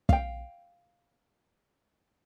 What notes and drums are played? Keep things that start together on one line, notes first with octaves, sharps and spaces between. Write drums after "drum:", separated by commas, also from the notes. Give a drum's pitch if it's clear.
F5 G5, drum: kick